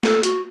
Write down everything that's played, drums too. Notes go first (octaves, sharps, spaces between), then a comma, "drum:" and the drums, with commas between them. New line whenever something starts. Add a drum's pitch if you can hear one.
A4, drum: snare
F#4, drum: hi-hat